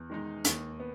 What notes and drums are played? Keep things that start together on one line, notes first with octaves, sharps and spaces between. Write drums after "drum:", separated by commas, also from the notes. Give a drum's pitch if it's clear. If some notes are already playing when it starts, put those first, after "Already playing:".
Already playing: E2
D#3 G#3 D#4
D#2, drum: hi-hat
B3